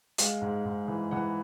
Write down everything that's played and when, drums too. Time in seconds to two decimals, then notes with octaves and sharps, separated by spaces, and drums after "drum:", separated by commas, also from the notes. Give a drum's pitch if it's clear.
0.18 G#3 F5, drum: hi-hat
0.42 G#2
0.65 G#2
0.88 E3
1.11 E3 F#5